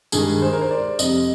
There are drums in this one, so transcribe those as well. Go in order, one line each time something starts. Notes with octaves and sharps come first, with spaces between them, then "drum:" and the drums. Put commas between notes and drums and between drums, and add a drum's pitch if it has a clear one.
G2 D#3 G#3 G#4, drum: tambourine
C5
A#4
C5
D5
F2 C3 G3 D#5, drum: tambourine